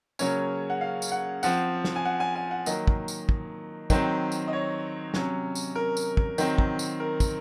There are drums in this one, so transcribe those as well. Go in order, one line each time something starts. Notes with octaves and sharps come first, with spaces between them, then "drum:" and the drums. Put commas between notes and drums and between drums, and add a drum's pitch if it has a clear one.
C#3 F#3 A#3 C#4 C#5, drum: tambourine
F#5
F5
drum: tambourine
F#5
F3 C4 F#5, drum: tambourine
drum: snare
G#5
F#5
G#5
G#5
F#5
D#3 F#3 A#3 D#5, drum: tambourine
drum: kick
drum: tambourine
drum: kick
D#3 F#3 C4, drum: kick, tambourine
drum: tambourine
D#5
C#5
C3 F#3 C#4, drum: snare
drum: tambourine
A#4
drum: tambourine
drum: kick
D#3 F#3 C4, drum: tambourine
drum: kick
drum: tambourine
A#4
drum: kick, tambourine